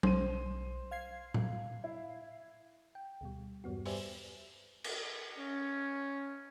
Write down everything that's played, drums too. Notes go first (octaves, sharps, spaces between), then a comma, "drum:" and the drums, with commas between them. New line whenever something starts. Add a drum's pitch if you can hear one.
B1 C5 D#7, drum: tom F#3
F5 G#6 C7
drum: tom
E4
G5
D2 B2 G3
E2 G2 G3 B3 F#4
G4 B4 C5 D5 E5 G#5, drum: open hi-hat
drum: cymbal
C#4